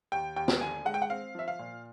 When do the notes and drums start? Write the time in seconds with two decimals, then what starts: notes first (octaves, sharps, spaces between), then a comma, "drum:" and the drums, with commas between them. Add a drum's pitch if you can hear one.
0.12 D#2 G5
0.36 D#2 G5
0.48 drum: snare
0.61 D3 G#5
0.85 G#3 F#5
0.94 G5
1.02 F#5
1.10 C4 F5
1.35 F3 E5
1.48 F5
1.59 A#2